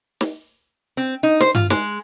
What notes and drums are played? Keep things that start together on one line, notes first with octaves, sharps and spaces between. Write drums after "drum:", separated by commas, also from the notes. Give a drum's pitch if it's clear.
drum: snare
C4
D#4
C5, drum: snare
F4, drum: tom G2
G#3, drum: snare